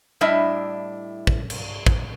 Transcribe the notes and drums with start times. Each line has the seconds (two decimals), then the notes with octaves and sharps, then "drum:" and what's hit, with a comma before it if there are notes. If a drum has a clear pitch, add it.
0.21 A2 G3 D4 E4 D#5 E5
1.27 drum: kick
1.50 drum: cymbal
1.86 drum: kick